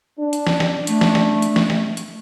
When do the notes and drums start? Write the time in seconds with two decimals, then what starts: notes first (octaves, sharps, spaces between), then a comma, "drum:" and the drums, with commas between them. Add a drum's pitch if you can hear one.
0.19 D4
0.33 drum: hi-hat
0.47 drum: snare
0.60 drum: snare
0.87 A3, drum: hi-hat
1.01 drum: snare
1.15 drum: snare
1.42 drum: hi-hat
1.56 drum: snare
1.70 drum: snare
1.97 drum: hi-hat